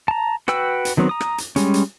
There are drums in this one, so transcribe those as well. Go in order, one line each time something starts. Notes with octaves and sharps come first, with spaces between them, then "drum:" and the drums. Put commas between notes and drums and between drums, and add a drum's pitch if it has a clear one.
A5 A#5
F#4 B4 G5 E6, drum: rim click
drum: hi-hat
D#3 F#3 B3 C4
A#5 D#6
drum: rim click
drum: hi-hat
G3 G#3 C#4, drum: hi-hat
drum: hi-hat